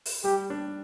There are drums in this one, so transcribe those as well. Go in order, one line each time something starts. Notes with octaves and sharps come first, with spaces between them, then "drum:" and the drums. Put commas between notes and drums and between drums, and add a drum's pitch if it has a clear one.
drum: open hi-hat
G3 G4
D4